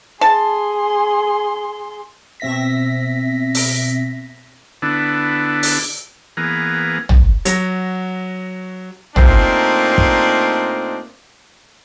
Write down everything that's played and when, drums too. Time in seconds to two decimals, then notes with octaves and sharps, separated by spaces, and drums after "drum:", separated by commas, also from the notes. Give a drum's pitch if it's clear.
0.21 G#4 A5 C6
2.40 B2 C4 E5 A#6 B6
3.55 drum: open hi-hat
4.82 D3 B3 D4 E4
5.63 drum: open hi-hat
6.37 E3 A#3 B3 G#4 A#5
7.09 drum: tom
7.45 F#3 A#6, drum: hi-hat
9.16 A#2 A3 C4 D4 D#4, drum: tom
9.98 drum: kick